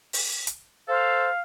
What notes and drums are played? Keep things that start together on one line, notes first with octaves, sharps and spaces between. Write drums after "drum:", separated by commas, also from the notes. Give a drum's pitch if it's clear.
drum: open hi-hat
drum: hi-hat
A4 C5 F5